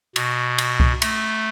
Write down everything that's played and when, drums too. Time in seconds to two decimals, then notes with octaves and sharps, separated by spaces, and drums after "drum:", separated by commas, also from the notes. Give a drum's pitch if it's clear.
0.16 B2, drum: cymbal
0.58 drum: cymbal
0.80 drum: kick C2
1.02 A3, drum: cymbal